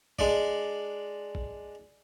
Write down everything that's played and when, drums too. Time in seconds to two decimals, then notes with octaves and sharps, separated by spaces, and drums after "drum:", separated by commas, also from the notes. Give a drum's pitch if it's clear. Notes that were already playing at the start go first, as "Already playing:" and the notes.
0.19 G#3 D4 D5, drum: kick
1.35 drum: kick